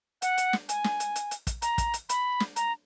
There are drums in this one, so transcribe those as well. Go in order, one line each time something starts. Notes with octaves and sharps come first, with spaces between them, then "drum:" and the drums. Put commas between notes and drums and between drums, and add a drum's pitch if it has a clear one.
F#5, drum: hi-hat
drum: hi-hat
drum: snare
G#5, drum: hi-hat
drum: snare
drum: hi-hat
drum: hi-hat
drum: hi-hat
drum: kick, hi-hat
A#5, drum: hi-hat
drum: kick, hi-hat
drum: hi-hat
B5, drum: hi-hat
drum: snare
A#5, drum: hi-hat